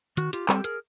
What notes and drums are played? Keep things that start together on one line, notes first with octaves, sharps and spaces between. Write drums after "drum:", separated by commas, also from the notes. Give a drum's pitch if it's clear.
D#3 F#4, drum: hi-hat
F4 G4, drum: hi-hat
G3 C4 G4 A4, drum: clap
G#4 A#4, drum: hi-hat